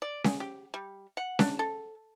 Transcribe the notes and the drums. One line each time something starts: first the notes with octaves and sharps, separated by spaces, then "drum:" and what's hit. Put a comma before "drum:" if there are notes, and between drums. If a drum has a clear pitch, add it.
D5
G#4, drum: snare C#4
G4
G3
F#5
D4, drum: snare C#4
A4